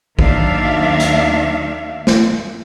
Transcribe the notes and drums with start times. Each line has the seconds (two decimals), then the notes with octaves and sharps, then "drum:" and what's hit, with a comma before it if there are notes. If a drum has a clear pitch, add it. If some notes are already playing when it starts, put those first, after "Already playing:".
0.19 D#2 D#3 F#3 D4 E5 F5, drum: kick
1.00 drum: hi-hat
2.07 drum: snare